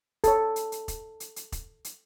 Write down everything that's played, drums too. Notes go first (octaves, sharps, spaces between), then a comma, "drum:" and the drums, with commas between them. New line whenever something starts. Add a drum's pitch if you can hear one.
A4 C#5, drum: kick, hi-hat
drum: hi-hat
drum: hi-hat
drum: kick, hi-hat
drum: hi-hat
drum: hi-hat
drum: kick, hi-hat
drum: hi-hat